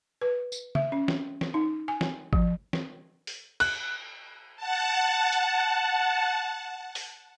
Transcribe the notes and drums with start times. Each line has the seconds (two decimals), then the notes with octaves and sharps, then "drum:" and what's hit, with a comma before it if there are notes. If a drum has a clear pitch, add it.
0.21 B4
0.52 drum: tambourine
0.75 E5, drum: tom C#3
0.92 C#4
1.08 drum: snare
1.41 drum: snare
1.54 D#4
1.88 G#5
2.01 drum: snare
2.33 F3, drum: kick G#1
2.73 drum: snare
3.27 drum: open hi-hat
3.60 F#6, drum: cymbal
4.56 F#5 A5
5.32 drum: hi-hat
6.95 drum: open hi-hat